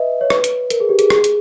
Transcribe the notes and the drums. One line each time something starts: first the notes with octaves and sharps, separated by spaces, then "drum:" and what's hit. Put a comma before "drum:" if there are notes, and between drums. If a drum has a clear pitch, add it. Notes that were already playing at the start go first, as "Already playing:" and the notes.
Already playing: B4 D#5 E5
C#5
B4, drum: rim click
drum: hi-hat
A#4, drum: hi-hat
G#4
G4
G#4, drum: hi-hat
G#4, drum: rim click
drum: hi-hat